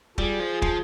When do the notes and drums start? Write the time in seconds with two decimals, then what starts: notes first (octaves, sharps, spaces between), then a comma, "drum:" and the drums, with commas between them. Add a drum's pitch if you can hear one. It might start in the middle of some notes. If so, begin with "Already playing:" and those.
0.18 G3 F4 G#4, drum: kick
0.40 F3
0.62 F3, drum: kick